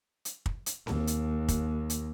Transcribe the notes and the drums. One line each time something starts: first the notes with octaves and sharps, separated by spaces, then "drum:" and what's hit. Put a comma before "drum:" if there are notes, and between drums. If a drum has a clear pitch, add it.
drum: hi-hat
drum: kick
drum: hi-hat
D#2, drum: snare C4
drum: hi-hat
drum: kick, hi-hat
drum: hi-hat